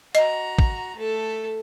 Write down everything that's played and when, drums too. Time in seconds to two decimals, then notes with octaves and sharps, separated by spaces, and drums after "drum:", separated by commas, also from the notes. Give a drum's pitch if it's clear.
0.15 F#4 D#5 A#5, drum: hi-hat
0.59 drum: kick
0.96 A3 A4